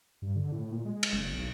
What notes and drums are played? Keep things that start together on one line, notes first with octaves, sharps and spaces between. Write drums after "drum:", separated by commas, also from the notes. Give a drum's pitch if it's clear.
G2
D3
A2
A#2
G#3
drum: cymbal
F#1
B1